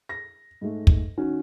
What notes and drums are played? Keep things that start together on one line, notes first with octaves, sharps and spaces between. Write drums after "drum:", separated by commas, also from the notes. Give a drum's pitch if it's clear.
A#6
G#2 A3
drum: kick
D#3 C#4 F#4